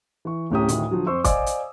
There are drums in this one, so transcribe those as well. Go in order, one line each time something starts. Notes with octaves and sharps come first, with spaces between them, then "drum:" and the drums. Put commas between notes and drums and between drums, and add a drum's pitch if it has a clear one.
E3 C#6
D1 A2 C#4 G4 A#5 D#6
D2 A2 D#3, drum: hi-hat
D3 F3 F#3
F2 C5 C6 C#6 E6
C5 D5 D#5 F5 G#5 D6, drum: kick, hi-hat
drum: hi-hat